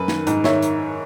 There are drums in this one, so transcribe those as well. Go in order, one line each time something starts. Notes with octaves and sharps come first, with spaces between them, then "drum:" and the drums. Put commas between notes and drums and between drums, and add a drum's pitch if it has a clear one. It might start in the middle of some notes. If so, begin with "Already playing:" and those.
Already playing: F#2 B4
D#3, drum: snare
G#2, drum: hi-hat
D#3 C#5 E5, drum: snare
drum: hi-hat